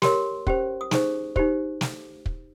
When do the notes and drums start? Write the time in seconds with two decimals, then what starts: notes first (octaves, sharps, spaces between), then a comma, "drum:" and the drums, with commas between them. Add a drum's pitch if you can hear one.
0.02 G4 A#4 C#5 C6, drum: snare
0.47 C#4 G4 C5, drum: kick
0.81 D#6
0.91 D#4 G#4 C5 C#6, drum: snare
1.36 D#4 G4 C5, drum: kick
1.81 drum: snare
2.26 drum: kick